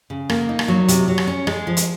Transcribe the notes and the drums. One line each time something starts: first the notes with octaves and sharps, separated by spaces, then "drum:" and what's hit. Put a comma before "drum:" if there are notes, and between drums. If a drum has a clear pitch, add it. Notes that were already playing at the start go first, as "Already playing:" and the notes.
C#3
A#3, drum: rim click
D#4
drum: rim click
F#3
C3, drum: hi-hat
F#3
drum: rim click
C#4
G#3, drum: rim click
F3
drum: hi-hat